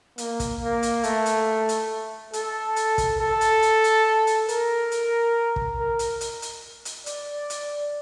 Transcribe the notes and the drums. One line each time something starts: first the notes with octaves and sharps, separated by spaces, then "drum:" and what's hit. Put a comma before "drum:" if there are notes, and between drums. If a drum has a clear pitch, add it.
A#3, drum: hi-hat
drum: kick, hi-hat
A#3
drum: hi-hat
A3, drum: hi-hat
drum: hi-hat
drum: hi-hat
A4, drum: hi-hat
drum: hi-hat
drum: kick, hi-hat
A4
drum: hi-hat
drum: hi-hat
drum: hi-hat
drum: hi-hat
A#4, drum: hi-hat
drum: hi-hat
drum: kick
A#4
drum: hi-hat
drum: hi-hat
drum: hi-hat
drum: hi-hat
D5, drum: hi-hat
drum: hi-hat